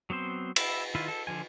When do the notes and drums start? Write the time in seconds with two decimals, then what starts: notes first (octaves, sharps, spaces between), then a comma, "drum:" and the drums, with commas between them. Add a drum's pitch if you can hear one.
0.10 F#3 B3 C4 C5
0.56 E5 B5, drum: cymbal
0.95 D#3 E4 F4 B4
1.08 A4
1.27 D3 F3 G#5